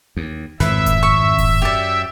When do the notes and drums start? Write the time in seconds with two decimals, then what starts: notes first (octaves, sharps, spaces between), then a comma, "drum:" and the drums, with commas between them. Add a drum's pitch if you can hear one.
0.17 D#2
0.60 G#1 F2 A2 B4 E5, drum: snare
0.86 drum: kick E1, hi-hat
1.03 C#6
1.38 drum: kick E1, open hi-hat
1.62 F#2 G4 D5